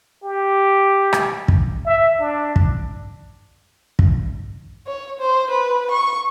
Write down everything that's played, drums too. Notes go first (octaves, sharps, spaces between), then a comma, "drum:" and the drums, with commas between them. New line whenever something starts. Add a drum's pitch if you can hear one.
G4
drum: rim click
drum: kick
E5
D4
drum: kick
drum: kick
C#5
C5
B4
C#6